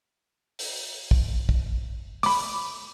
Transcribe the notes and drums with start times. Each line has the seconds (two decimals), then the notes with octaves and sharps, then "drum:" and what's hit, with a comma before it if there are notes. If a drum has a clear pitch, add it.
0.59 drum: open hi-hat
1.11 drum: kick
1.49 drum: kick
2.23 B5 D6, drum: open hi-hat